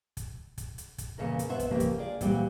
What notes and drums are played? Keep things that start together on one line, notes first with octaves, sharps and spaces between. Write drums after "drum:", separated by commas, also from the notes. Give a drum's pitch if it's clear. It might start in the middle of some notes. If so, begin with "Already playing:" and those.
drum: kick, hi-hat
drum: kick, hi-hat
drum: hi-hat
drum: kick, hi-hat
E2 A#2 C#3 C#4 A#4
drum: hi-hat
B2 B3 C5 E5
drum: kick, hi-hat
C#3 F3 A#3 G4
drum: kick, hi-hat
F4 G#4 D5
A#2 E3 G3 C4 F#4 G4, drum: kick, hi-hat